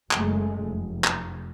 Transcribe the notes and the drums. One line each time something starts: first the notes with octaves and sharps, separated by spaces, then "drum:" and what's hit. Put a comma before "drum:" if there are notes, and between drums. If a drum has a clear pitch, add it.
F#1 F#2 G#3 A3, drum: clap
F1
drum: clap